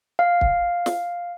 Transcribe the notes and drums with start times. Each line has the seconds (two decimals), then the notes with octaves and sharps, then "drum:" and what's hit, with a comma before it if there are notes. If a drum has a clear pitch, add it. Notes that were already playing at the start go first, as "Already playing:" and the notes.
0.19 F5
0.41 drum: kick
0.86 drum: snare